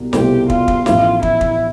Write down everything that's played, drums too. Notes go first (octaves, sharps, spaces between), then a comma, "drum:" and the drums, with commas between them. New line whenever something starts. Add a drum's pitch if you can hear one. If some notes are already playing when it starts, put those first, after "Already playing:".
Already playing: C2 B2
C2 B2 A3 C4 F4 G4, drum: snare
F4, drum: kick
drum: kick
A1 A2 F3 A3 E4 F4, drum: snare
E4, drum: kick
drum: kick